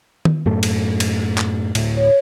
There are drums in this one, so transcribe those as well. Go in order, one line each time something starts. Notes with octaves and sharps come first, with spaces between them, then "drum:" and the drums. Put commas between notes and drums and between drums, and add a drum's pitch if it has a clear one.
drum: tom D#3
F#2 A2 A3
drum: cymbal
drum: cymbal
drum: clap
D2 A2, drum: cymbal
C#5